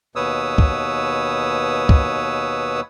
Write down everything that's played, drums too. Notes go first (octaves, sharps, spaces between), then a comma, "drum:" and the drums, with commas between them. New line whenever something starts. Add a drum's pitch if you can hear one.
D#2 B2 B4 C#5 D#6 E6
drum: kick
drum: kick